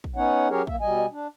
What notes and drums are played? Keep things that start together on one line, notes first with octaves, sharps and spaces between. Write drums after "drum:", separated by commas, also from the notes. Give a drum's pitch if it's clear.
drum: kick
B3 C#4 D#4 C#5 F#5
F#3 C#4 G4 G#4 A#4 C#5
A#3 E5, drum: kick
B2 G3 D#5 G#5
D4